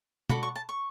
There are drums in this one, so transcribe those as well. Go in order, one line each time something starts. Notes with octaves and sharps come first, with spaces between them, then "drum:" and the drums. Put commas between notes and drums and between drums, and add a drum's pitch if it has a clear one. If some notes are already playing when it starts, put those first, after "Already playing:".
F#4 A4 D5 B5, drum: tom B2
C#6
A5
C#6